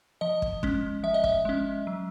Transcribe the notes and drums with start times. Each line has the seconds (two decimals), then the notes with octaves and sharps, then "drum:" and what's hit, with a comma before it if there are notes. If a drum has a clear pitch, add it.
0.21 F3 D#5
0.42 drum: kick
0.63 G#3 C#4, drum: kick
1.03 F3 E5
1.14 D#5
1.24 E5, drum: kick
1.45 G#3 C#4
1.87 F#3